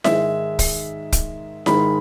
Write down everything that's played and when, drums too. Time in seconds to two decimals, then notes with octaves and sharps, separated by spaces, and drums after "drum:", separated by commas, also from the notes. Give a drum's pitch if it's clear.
0.04 G#2 D#3 G#3 E5, drum: snare E4
0.59 drum: kick, open hi-hat
1.12 drum: kick, hi-hat
1.66 G#2 D#3 G#3 B5, drum: snare E4